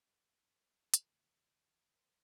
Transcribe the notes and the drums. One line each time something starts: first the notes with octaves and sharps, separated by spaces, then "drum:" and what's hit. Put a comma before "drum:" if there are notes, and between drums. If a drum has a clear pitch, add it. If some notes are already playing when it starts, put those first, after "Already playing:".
Already playing: F#2 F#3
A4 B4
A#4 C5
A#4, drum: hi-hat
E2 C#3 F3 A3 A4 B4
A#4 C5